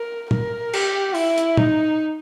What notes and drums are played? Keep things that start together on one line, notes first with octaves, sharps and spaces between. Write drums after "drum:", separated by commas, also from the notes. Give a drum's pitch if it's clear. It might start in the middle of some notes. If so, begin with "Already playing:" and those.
Already playing: A#4
A#4, drum: tom
G4, drum: cymbal
E4, drum: open hi-hat
drum: hi-hat
D#4, drum: tom